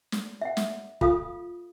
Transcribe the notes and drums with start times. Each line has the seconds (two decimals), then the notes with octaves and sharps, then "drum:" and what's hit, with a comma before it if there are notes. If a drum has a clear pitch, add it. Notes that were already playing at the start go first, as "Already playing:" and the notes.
0.12 drum: snare
0.41 E5 F#5
0.57 drum: snare
1.01 F4 A4 F5 D#6, drum: kick